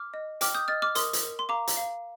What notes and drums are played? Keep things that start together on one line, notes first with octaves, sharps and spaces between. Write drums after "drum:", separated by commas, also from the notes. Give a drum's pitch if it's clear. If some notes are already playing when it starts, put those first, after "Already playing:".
Already playing: D6 F6
D#5
G5 D6 F6, drum: hi-hat
D#6 G6
D#5 F6 A6
D6 F6
A#4 C6 D#6, drum: hi-hat
drum: hi-hat
A#4
C6
F5 A#5 D6
drum: hi-hat
F5